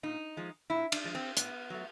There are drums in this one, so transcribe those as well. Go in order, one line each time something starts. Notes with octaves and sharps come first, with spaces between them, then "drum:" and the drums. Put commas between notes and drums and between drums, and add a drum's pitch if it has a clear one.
A#2 D#4
F3 G#3
A#2 E4
D4, drum: cymbal
F3 G#3
C4
A2 B3, drum: hi-hat
F#3 A3